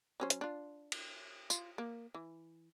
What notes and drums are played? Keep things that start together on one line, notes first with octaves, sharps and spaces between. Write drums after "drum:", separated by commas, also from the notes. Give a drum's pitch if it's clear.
F#3 C#4 C5
drum: hi-hat
D4 F4
drum: cymbal
F4, drum: tambourine
A#3
E3